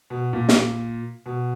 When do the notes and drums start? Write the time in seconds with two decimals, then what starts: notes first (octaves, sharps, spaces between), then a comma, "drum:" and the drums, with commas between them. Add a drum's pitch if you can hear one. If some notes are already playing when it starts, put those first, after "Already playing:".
0.10 B2
0.33 A#2
0.49 drum: snare
1.26 B2